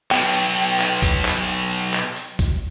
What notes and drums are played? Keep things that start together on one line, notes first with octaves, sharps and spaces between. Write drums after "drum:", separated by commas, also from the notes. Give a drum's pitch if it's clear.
B1 B2 G5, drum: clap
drum: tambourine
drum: tambourine
drum: clap
drum: kick, tambourine
drum: clap
drum: tambourine
drum: tambourine
drum: clap
drum: tambourine
drum: kick, tambourine